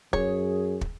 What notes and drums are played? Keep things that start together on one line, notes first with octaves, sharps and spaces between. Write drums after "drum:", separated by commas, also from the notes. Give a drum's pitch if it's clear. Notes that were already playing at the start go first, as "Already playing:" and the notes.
F#2 G#4 C#5, drum: kick
drum: kick